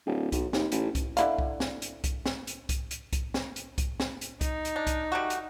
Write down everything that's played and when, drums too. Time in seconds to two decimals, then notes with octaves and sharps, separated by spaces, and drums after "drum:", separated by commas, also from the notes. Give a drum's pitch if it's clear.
0.06 D1
0.32 B1, drum: kick C2, hi-hat
0.53 D#2, drum: snare
0.72 A1, drum: hi-hat
0.95 drum: kick C2, hi-hat
1.17 D3 E4 F5, drum: hi-hat
1.39 drum: kick C2
1.60 drum: snare
1.82 drum: hi-hat
2.04 drum: kick C2, hi-hat
2.26 drum: snare
2.47 drum: hi-hat
2.69 drum: kick C2, hi-hat
2.91 drum: hi-hat
3.13 drum: kick C2, hi-hat
3.34 drum: snare
3.56 drum: hi-hat
3.78 drum: kick C2, hi-hat
4.00 drum: snare
4.21 drum: hi-hat
4.41 D#4, drum: kick C2, hi-hat
4.65 drum: hi-hat
4.76 D4
4.87 drum: kick C2, hi-hat
5.12 G3 A3 F#4
5.30 drum: hi-hat